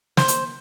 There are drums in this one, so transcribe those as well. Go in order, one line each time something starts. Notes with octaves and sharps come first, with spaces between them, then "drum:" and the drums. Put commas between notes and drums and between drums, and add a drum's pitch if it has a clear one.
C5, drum: snare
drum: hi-hat